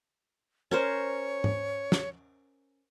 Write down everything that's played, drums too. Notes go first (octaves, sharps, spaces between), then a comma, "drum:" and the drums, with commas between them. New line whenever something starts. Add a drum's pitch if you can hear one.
C#4 A#4 C5 C#5
drum: tom G#2
drum: snare